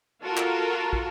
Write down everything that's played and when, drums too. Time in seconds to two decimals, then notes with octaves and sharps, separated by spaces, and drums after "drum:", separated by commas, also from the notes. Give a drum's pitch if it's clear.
0.23 F4 F#4 A4 A#4
0.37 drum: clap
0.93 drum: kick